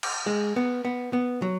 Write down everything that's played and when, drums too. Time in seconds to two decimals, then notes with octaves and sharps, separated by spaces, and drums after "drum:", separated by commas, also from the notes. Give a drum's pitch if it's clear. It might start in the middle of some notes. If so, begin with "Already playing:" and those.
0.03 drum: cymbal
0.26 G#3
0.56 B3
0.85 B3
1.13 B3
1.42 F#3